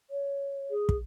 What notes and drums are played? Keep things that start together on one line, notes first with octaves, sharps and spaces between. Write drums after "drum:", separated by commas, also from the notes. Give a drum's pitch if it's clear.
C#5
G#4
drum: kick